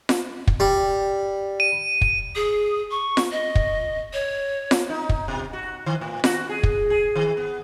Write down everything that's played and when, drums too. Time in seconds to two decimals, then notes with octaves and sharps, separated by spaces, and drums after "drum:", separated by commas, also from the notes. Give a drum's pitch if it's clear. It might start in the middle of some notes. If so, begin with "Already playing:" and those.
0.09 drum: snare F4
0.47 drum: kick
0.60 G3
1.60 D#7
2.01 drum: kick
2.35 G#4
2.91 C#6
3.17 drum: snare F4
3.32 D#5
3.55 drum: kick
4.13 C#5
4.71 drum: snare F4
4.89 D#4
5.09 drum: kick
5.28 B2
5.53 F#4
5.86 D#3
6.01 A2
6.24 F#4, drum: snare F4
6.49 G#4
6.63 drum: kick
6.90 G#4
7.16 D#3
7.37 B3